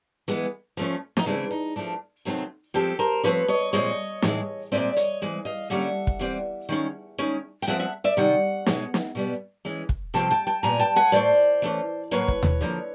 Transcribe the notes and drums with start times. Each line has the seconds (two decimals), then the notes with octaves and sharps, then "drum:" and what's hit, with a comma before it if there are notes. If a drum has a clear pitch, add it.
0.28 E3 G#3 B3
0.77 F3 A3 C#4
1.17 D#4, drum: snare
1.26 C#3 E3 G#3 C4 D4
1.51 D#4
1.76 F3 A3 D4
2.25 C3 D#3 F#3 A3 C4
2.74 F3 G#3 C4 G4 A4
2.99 A#4 C5
3.24 D3 F3 A3 C4 B4 C#5
3.48 C#5 D#5
3.73 A#2 F3 G#3 C4 C#5 D#5
4.22 A2 E3 G#3, drum: snare
4.72 A#2 F3 G#3 C4 D5 E5
4.97 C#5 D#5, drum: hi-hat
5.22 E3 G#3 C4
5.45 D#5 F5
5.70 D3 G3 A#3 C#4 E5 F#5
6.07 drum: kick
6.19 E3 G3 C4
6.69 D#3 G#3 C#4
7.18 D#3 G#3 C#4
7.62 G5, drum: hi-hat
7.67 F3 G#3 C4 E5 F#5
7.80 E5 F#5
8.04 D5 E5
8.17 C3 D#3 G3 F#5
8.66 B2 G#3 C#4, drum: snare
8.94 drum: snare
9.15 B2 G3 B3
9.65 E3 G#3 C#4
9.89 drum: kick
10.14 C3 F3 A3 C4 G5 A5
10.31 G5 A5
10.47 G5 A5
10.63 A#2 G3 B3 G#5 A#5
10.80 G5 A5
10.96 F#5 G#5
11.12 A2 F3 A3 C5 D5
11.62 E3 A3 C#4
12.11 A2 F#3 A#3 B4 C#5
12.28 drum: kick
12.43 drum: tom D#2
12.61 D3 F3 A#3